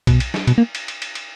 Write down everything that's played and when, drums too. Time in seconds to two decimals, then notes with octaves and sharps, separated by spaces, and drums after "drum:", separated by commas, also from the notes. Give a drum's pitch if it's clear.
0.07 B2, drum: kick B1, cymbal
0.20 drum: cymbal
0.34 drum: snare
0.47 B2, drum: cymbal
0.58 A#3
0.75 drum: cymbal
0.88 drum: cymbal
1.02 drum: cymbal
1.15 drum: cymbal